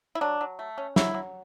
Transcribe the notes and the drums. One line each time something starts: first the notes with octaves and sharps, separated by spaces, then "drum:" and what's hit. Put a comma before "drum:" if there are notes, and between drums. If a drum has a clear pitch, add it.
E4
F#3 D4
F#3
A3
C#4
F#3 E4, drum: snare
F#3